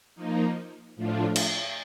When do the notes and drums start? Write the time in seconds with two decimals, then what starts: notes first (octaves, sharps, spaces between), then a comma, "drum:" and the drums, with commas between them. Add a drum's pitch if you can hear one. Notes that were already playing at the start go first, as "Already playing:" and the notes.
0.15 F3 A#3 D#4
0.96 A2 F3 A3 D4 F4
1.36 drum: cymbal